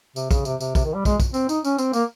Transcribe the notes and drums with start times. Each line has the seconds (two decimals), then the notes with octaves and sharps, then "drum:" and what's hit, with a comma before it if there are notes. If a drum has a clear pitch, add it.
0.16 C3, drum: tambourine
0.31 C#3, drum: kick, tambourine
0.45 C3, drum: tambourine
0.60 C3, drum: tambourine
0.75 C3, drum: kick, tambourine
0.85 D#3
0.94 G3
1.05 G#3, drum: kick, tambourine
1.20 drum: kick, tambourine
1.34 C4, drum: tambourine
1.49 D#4, drum: tambourine
1.64 C#4, drum: tambourine
1.78 C4, drum: tambourine
1.93 A#3, drum: tambourine